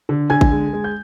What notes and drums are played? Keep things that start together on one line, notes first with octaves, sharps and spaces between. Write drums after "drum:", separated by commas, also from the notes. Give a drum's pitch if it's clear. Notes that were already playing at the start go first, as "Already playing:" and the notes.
D3
D3 G#5 G#6
drum: kick
G#3
G#3
G6